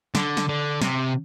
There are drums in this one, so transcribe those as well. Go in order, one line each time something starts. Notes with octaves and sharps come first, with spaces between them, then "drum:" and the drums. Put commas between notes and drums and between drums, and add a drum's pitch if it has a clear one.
D3, drum: snare
drum: snare
D3
C3, drum: snare